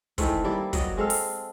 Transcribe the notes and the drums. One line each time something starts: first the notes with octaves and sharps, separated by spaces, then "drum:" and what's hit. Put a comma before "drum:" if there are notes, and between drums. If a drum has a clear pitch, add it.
D#3 E3 A3 C4, drum: kick, hi-hat
G3 A#3 E4 D5
F#3 D5 D#5, drum: kick, hi-hat
G#3 C4 A4 F5
drum: open hi-hat